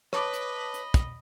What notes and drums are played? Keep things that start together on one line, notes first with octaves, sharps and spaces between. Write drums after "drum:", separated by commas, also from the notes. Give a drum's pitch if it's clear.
B4 C#5 D#5 A5 B5 D6, drum: rim click
drum: hi-hat
drum: hi-hat
drum: kick, hi-hat